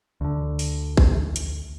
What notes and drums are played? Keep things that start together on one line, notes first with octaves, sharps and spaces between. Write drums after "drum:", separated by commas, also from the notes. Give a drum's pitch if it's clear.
D2 D3
drum: open hi-hat
drum: kick A1
drum: hi-hat